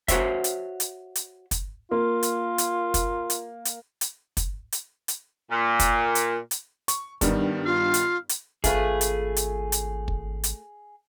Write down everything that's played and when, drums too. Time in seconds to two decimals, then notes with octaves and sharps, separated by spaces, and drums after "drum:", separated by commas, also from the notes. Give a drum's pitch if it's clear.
0.08 F#4 C5 C#5 E5, drum: kick, hi-hat
0.44 drum: hi-hat
0.80 drum: hi-hat
1.15 drum: hi-hat
1.51 drum: kick, hi-hat
1.91 A#3 F4
2.23 drum: hi-hat
2.58 drum: hi-hat
2.94 drum: kick, hi-hat
3.30 drum: hi-hat
3.65 drum: hi-hat
4.01 drum: hi-hat
4.37 drum: kick, hi-hat
4.72 drum: hi-hat
5.08 drum: hi-hat
5.51 A#2
5.80 drum: kick, hi-hat
6.15 drum: hi-hat
6.51 drum: hi-hat
6.88 C#6, drum: hi-hat
7.21 G2 D#3 G3 B3, drum: kick, hi-hat
7.66 F4 F5
7.94 drum: hi-hat
8.29 drum: hi-hat
8.64 G#1 A3 F4 G#4 B4, drum: kick, hi-hat
9.01 drum: hi-hat
9.36 drum: hi-hat
9.72 drum: hi-hat
10.08 drum: kick
10.44 drum: hi-hat